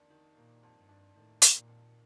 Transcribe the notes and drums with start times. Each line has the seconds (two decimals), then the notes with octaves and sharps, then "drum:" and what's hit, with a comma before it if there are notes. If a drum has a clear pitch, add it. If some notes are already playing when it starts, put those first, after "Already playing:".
Already playing: F2 D#3 A#3 D4
0.10 D#3
0.36 A#2 A#3
0.63 F2
0.77 G2
0.89 D4
1.16 A2 D#3
1.42 A#3, drum: hi-hat
1.56 A#2
1.68 F2